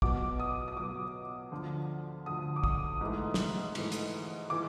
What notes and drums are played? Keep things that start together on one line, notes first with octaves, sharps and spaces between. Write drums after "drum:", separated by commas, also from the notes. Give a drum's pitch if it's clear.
B2 F#3 B3 D6, drum: kick
D#6
D#6
B2 F#3 B3 D6
D2 D3 F3
D2 D3 F3 D#6
D6
D#6, drum: kick
G#2 E3 A3
drum: snare
G#2 E3 A3, drum: cymbal
drum: hi-hat
E3 G#3 D6